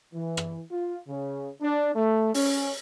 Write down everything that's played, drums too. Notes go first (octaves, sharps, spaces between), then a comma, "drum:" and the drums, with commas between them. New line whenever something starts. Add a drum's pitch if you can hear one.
E3
drum: rim click
F4
C#3
D4
A3
C#4, drum: open hi-hat